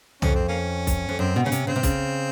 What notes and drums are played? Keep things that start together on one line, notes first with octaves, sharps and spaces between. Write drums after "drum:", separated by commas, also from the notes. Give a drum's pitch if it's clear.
F2 C#4, drum: tom
C4
A#3 C#4
drum: kick B1, hi-hat
F2
F#2 C4
B2
C#3 C#4
C3, drum: hi-hat
C#3 C4
C3
C#3, drum: kick B1, hi-hat